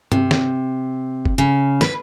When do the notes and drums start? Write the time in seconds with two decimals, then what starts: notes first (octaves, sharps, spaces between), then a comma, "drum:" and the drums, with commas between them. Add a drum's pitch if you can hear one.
0.12 C3, drum: tom G2
0.31 drum: snare
1.25 drum: kick F1
1.38 C#3
1.81 B4, drum: snare